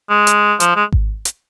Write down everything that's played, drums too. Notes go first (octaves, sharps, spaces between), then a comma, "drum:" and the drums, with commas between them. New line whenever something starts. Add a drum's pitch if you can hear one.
G#3
drum: hi-hat
F3, drum: hi-hat
G#3
drum: kick G#1
drum: hi-hat